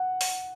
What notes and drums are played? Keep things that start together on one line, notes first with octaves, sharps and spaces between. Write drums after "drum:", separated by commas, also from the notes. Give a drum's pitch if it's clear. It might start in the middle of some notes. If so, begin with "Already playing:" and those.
Already playing: F#5
drum: open hi-hat